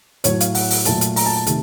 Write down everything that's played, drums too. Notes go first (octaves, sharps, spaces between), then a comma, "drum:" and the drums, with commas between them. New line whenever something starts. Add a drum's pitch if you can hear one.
A2 F#3 A3 C#5, drum: hi-hat
F5, drum: hi-hat
F#5, drum: open hi-hat
drum: open hi-hat
A#2 F#3 A3 A5, drum: hi-hat
drum: hi-hat
A#5, drum: open hi-hat
A5
A5
C3 D#3 A3, drum: hi-hat